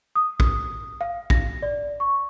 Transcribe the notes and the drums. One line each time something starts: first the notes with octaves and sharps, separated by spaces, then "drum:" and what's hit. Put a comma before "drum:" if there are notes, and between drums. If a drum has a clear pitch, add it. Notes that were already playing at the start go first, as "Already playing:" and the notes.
D#6
drum: kick A#1
F5
A#6, drum: kick A#1
D5
C#6